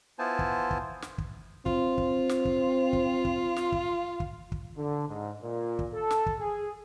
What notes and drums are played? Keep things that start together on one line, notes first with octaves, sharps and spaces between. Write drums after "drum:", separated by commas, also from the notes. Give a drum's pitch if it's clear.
B3 E4 F4 C5 G#5 A5
drum: kick
drum: kick
drum: snare
drum: kick
C4 F4, drum: kick
drum: kick
drum: snare
drum: kick
drum: kick
drum: kick
drum: snare
drum: kick
drum: kick
drum: kick
D3
G#2
A#2
drum: kick
A4
drum: snare
drum: kick
G#4